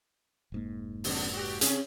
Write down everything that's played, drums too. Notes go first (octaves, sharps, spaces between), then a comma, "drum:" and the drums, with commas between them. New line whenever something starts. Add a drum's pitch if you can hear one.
F1 G#2 A#3
F2 B2 D3, drum: open hi-hat
F#4 G4
C3 C#4 G#4, drum: hi-hat